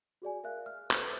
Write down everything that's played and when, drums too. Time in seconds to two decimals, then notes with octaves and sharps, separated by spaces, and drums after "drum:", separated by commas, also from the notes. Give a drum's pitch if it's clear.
0.22 F#4 G#4 D5 G#5
0.44 A#4 E5 F5 F#6
0.66 F6
0.91 A4 B4 C5 E5, drum: clap